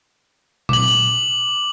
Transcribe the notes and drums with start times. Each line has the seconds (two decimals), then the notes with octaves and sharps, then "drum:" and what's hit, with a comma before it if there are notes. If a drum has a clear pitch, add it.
0.69 D6 F#7, drum: tom A#2
0.88 drum: open hi-hat